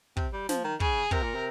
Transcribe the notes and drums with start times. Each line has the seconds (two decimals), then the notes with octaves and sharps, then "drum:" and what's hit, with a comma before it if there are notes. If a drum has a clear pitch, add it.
0.17 C3, drum: kick
0.33 G3
0.49 F3, drum: snare
0.64 D#3
0.80 C#3 G#4, drum: kick
1.11 C3 A#4, drum: kick
1.23 A#2
1.34 C3